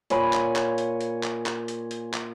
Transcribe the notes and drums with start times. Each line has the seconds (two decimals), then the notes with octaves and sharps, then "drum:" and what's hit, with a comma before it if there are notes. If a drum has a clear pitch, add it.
0.10 A#2 C#5 G#5 B5, drum: hi-hat
0.33 drum: clap
0.55 drum: clap
0.78 drum: hi-hat
1.01 drum: hi-hat
1.23 drum: clap
1.46 drum: clap
1.68 drum: hi-hat
1.91 drum: hi-hat
2.13 drum: clap